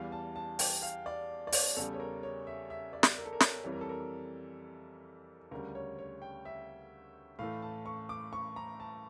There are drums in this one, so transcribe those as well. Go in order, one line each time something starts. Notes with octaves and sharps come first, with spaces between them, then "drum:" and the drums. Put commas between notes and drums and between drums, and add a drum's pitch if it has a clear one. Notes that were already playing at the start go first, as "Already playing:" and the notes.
Already playing: E2 E3 G3 F5
A5
A5
G5, drum: open hi-hat
F5
D5
D5
C#5, drum: open hi-hat
E2 C#3 G3 A4
C#5
A#4
C#5
E5
E5
D5
drum: snare
A#4
A4
A#4
C#5, drum: snare
F2 E3 G3 C#5
A#4
A4
A#4
D2 C#3 G3 A#4
C#5
C#5
G5
E5
A2 E3 A3 F5
A5
C#6
D6
C#6
A#5
A5